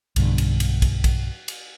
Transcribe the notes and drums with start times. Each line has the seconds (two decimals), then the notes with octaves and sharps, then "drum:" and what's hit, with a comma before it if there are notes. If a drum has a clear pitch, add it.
0.16 B1 G2 D3, drum: cymbal
0.38 drum: cymbal
0.60 drum: cymbal
0.82 drum: kick, cymbal
1.04 drum: kick, cymbal
1.48 drum: cymbal